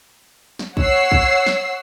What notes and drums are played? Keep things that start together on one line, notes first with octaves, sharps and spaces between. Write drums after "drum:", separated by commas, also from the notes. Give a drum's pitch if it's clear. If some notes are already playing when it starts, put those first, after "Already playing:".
drum: snare
C#5 F#5 E6 C7, drum: kick
drum: kick
drum: snare